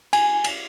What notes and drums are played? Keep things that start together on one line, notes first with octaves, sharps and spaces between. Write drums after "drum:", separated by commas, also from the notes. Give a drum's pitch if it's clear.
G#5, drum: cymbal
drum: cymbal